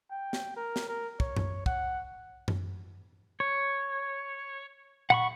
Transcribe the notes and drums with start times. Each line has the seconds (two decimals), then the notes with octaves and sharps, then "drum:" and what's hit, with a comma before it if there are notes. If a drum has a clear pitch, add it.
0.11 G5
0.33 drum: snare
0.56 A#4
0.76 drum: snare
0.88 A#4
1.20 C#5, drum: kick
1.37 drum: tom F#2
1.66 F#5, drum: kick
2.48 drum: tom F#2
3.40 C#5
5.10 F#5 B5 C#6, drum: tom A#2